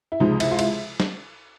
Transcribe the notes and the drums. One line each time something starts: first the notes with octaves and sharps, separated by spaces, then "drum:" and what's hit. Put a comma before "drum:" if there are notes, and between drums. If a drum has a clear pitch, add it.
E4
C#2 C3 F3 G#3 D#4
E4, drum: cymbal
F4
E4, drum: cymbal
drum: snare